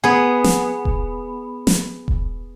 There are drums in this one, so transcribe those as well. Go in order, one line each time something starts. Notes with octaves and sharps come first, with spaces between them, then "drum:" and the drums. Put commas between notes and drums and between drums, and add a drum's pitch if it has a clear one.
B3 G#4
drum: snare
drum: kick E1
drum: snare
drum: kick E1